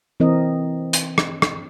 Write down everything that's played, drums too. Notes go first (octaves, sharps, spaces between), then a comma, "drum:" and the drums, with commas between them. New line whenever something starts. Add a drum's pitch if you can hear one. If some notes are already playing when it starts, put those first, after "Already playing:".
E3 C4 E4 A#4 D#5
drum: hi-hat
drum: rim click
drum: rim click